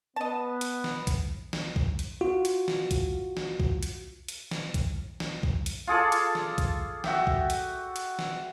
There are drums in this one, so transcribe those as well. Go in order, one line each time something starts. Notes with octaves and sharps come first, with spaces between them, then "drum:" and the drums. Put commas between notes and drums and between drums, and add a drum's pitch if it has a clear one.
B3 D#5 A5
drum: hi-hat
drum: snare
drum: kick, hi-hat
drum: snare
drum: kick
drum: hi-hat
F4 F#4
drum: hi-hat
drum: snare
drum: kick, hi-hat
drum: snare
drum: kick
drum: hi-hat
drum: hi-hat
drum: snare
drum: kick, hi-hat
drum: snare
drum: kick
drum: hi-hat
F4 G#4 A4 D5
drum: hi-hat
drum: snare
drum: kick, hi-hat
F#4 E5 G5, drum: snare
drum: kick
drum: hi-hat
drum: hi-hat
drum: snare